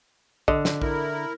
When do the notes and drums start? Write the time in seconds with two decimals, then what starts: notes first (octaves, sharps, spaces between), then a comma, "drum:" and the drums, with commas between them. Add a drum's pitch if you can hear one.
0.48 D3 D#5, drum: kick A#1
0.65 drum: snare
0.82 E4 A#4, drum: kick A#1